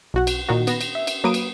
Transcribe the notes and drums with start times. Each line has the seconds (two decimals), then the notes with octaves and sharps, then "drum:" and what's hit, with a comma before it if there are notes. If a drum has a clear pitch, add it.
0.14 B1 F#4 F#5
0.27 drum: cymbal
0.49 A#2 D#3 F#4
0.67 B3 A#6, drum: cymbal
0.81 drum: cymbal
0.95 E5
1.07 drum: cymbal
1.24 F#3 A#3 B4 D#6 D7 D#7
1.34 drum: cymbal